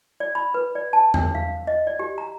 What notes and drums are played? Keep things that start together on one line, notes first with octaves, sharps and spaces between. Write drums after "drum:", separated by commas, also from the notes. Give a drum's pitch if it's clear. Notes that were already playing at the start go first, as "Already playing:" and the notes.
D5
B5
B4
D5
A5
D4, drum: tom E2
F5
D#5
D5
G4
A#5